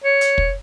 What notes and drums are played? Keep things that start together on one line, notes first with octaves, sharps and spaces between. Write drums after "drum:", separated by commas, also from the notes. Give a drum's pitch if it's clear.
C#5
drum: hi-hat
drum: kick